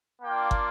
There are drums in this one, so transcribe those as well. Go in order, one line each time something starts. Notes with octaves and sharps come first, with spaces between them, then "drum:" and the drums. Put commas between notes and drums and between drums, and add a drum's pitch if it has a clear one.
A#3 D4 F4 G5
drum: kick